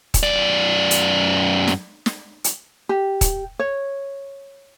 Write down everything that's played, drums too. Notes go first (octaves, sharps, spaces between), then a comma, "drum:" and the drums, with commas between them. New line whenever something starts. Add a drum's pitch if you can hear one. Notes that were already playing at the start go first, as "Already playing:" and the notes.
drum: kick, hi-hat
F#2 D5
drum: hi-hat
drum: snare
drum: snare
drum: hi-hat
G4
drum: kick, hi-hat
C#5